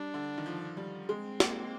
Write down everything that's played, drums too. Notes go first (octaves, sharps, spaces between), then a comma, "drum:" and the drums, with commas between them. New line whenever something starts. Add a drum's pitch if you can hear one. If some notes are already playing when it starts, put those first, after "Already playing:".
Already playing: G3 D4
D3
D#3
F3
G3
G#3 C4
A#3, drum: snare